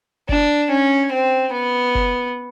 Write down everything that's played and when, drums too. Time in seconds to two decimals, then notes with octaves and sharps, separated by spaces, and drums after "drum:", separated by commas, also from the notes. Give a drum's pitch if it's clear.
0.29 D4, drum: kick F#1
0.71 C#4
1.12 C4
1.54 B3
1.95 drum: kick F#1